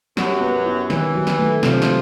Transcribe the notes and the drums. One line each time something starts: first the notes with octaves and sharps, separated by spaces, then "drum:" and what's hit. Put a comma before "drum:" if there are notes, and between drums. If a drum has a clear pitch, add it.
F#2 F#3 G4, drum: snare
B3
E4
D#3 E3, drum: snare
F#3
drum: snare
A3
C3 F3, drum: snare
drum: snare